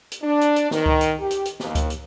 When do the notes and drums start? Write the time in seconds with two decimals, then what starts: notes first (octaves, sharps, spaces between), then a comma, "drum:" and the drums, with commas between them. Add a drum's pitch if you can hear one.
0.12 drum: hi-hat
0.22 D4
0.41 drum: hi-hat
0.56 drum: hi-hat
0.71 D#3, drum: snare
0.86 drum: kick C#2
1.01 drum: hi-hat
1.19 G4
1.31 drum: hi-hat
1.45 drum: hi-hat
1.60 D#2, drum: snare
1.75 drum: kick C#2, hi-hat
1.90 drum: hi-hat